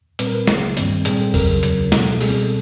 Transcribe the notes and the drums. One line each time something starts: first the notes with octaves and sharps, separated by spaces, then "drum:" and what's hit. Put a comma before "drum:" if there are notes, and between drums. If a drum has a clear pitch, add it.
A#2 G3 C4 B4, drum: hi-hat
A#4
B4
C#2 C#3 F#3 A#3 G#4, drum: snare
G2 D#3 G3 C4, drum: hi-hat
A#2 G3 C4 G#4, drum: hi-hat
A4
F2 C#3 F#3 A#4, drum: kick B1, open hi-hat
D#2 C#3 F#3, drum: hi-hat
C#2 B2 G#3 A4, drum: snare
B2 G3 C4 G#4, drum: open hi-hat
A4